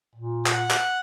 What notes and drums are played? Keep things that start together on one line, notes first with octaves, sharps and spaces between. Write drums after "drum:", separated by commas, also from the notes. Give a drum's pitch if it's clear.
A#2
F#5, drum: clap
drum: clap